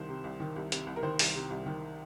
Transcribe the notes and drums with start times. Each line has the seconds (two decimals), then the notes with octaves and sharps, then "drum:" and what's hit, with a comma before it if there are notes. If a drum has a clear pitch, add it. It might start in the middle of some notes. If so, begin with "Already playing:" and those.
Already playing: C2 D#3 C5
0.09 C3
0.24 C2
0.40 D#3
0.56 C2
0.72 C3, drum: hi-hat
0.87 C2
0.96 A#4
1.03 D#3 C5
1.19 C2, drum: open hi-hat
1.35 C3
1.50 C2
1.66 D#3